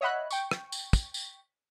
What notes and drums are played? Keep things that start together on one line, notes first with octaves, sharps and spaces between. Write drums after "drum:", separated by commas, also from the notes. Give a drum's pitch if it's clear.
C#5 D#5 E5 F#5 B5 F#6
G5 C#6, drum: tambourine
drum: rim click
drum: tambourine
drum: kick, tambourine
drum: tambourine